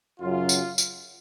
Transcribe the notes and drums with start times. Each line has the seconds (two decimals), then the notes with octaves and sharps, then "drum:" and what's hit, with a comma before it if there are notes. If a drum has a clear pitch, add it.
0.20 F#2 C#3 F#3 F4
0.49 drum: tambourine
0.78 drum: tambourine